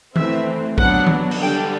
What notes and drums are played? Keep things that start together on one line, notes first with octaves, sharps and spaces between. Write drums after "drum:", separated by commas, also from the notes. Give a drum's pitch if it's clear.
E3 A3 C4 E5, drum: tom D#3
F#3 B3 D4 F#5, drum: kick A#1
drum: tom D#3
drum: cymbal
D3 G3 D4 G5